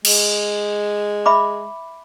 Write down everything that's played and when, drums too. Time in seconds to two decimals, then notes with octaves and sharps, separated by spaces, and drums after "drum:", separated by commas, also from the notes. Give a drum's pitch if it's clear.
0.05 G#3, drum: cymbal
1.26 E5 B5 D6